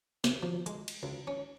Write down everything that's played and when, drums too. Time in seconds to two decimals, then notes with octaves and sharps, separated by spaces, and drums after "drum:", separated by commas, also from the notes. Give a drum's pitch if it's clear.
0.24 C3, drum: snare
0.43 F3
0.66 G#3, drum: hi-hat
0.88 drum: cymbal
1.03 C#2
1.27 C#4